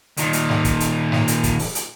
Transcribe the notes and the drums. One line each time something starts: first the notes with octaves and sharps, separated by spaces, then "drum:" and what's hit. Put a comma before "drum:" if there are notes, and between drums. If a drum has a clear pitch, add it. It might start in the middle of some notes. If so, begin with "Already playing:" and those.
A#2 D#3, drum: hi-hat
drum: hi-hat
drum: snare
drum: kick, hi-hat
drum: hi-hat
drum: snare
drum: hi-hat
drum: kick, hi-hat
drum: open hi-hat
drum: hi-hat